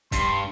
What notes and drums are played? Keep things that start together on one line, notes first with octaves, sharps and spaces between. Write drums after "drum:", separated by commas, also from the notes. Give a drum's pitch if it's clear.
G2 C6, drum: kick, hi-hat